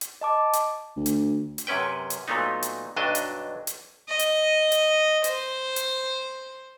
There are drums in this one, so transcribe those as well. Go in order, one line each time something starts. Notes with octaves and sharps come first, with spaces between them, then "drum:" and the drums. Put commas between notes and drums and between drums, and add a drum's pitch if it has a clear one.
drum: hi-hat
D#5 A5 D6
drum: hi-hat
D2
drum: hi-hat
drum: hi-hat
F#2 C3 C#4 B4 G5
drum: hi-hat
A#2 F#3 A3 B3 D#4
drum: hi-hat
B1 G2 F#3 D4 D#5 E5
drum: hi-hat
drum: hi-hat
D#5
drum: hi-hat
drum: hi-hat
C5, drum: hi-hat
drum: hi-hat